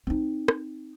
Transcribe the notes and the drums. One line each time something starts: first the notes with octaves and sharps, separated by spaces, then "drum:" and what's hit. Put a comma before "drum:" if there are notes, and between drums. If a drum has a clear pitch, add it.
C4 D#4
drum: rim click